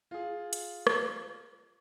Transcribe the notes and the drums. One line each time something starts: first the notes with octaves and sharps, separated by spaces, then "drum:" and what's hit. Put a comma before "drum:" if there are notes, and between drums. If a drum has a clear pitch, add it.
F4 G#4
drum: hi-hat
drum: rim click